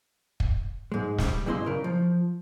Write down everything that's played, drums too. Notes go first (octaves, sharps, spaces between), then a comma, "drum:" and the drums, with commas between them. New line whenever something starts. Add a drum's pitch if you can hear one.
drum: kick
G#2 G#3
G3, drum: snare
G2 C#3 E4 D#5 C6
C#3 A#4
F3